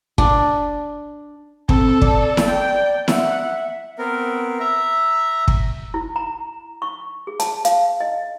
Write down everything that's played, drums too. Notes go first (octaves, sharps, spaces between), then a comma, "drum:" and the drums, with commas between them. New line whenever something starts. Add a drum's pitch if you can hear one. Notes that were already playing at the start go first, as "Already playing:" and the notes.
D4, drum: kick
C4 A4, drum: kick
D5, drum: kick
drum: snare E4
G5
E5 F#5, drum: snare E4
B3 C4 A#4
E5 A#5
drum: kick
E4
A#5
C#6
G#4
A5, drum: hi-hat
F5, drum: hi-hat
D#5